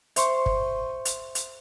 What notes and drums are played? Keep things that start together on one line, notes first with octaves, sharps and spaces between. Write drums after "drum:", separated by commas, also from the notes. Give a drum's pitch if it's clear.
C5 E5 C6 C#6, drum: hi-hat
drum: kick
drum: hi-hat
drum: hi-hat